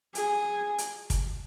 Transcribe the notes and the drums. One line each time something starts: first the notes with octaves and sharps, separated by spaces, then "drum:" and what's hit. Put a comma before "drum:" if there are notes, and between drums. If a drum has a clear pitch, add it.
G#4, drum: hi-hat
drum: hi-hat
drum: kick, hi-hat